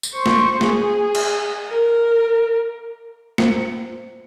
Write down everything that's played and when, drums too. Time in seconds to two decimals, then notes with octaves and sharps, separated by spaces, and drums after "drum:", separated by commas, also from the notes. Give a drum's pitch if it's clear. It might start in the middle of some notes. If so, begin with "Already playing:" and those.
0.03 drum: tambourine
0.13 C5 C#6
0.26 drum: snare
0.61 G#4, drum: snare
1.15 drum: cymbal
1.69 A#4
3.38 A#3 C5, drum: snare